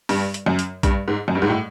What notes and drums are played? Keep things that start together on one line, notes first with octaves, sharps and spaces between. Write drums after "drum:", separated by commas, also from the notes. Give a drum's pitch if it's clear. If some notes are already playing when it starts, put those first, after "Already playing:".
G2, drum: open hi-hat
drum: hi-hat
F#2
drum: hi-hat
G2, drum: kick, hi-hat
G#2
F#2
G2
G#2
A2